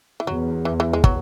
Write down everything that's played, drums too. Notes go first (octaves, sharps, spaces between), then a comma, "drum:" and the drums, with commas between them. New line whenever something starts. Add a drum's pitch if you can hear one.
E3
E2 F#3
E3
E3
G#3
F#3, drum: kick